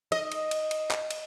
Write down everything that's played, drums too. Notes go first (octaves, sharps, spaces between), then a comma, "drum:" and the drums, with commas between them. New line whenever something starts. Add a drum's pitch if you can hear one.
D#5, drum: cymbal
drum: cymbal
drum: cymbal
drum: cymbal
drum: clap
drum: cymbal